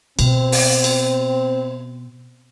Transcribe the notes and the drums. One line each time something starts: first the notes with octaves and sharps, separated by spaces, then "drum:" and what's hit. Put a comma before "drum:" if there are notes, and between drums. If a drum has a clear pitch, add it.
B2 C4, drum: cymbal
drum: open hi-hat
drum: cymbal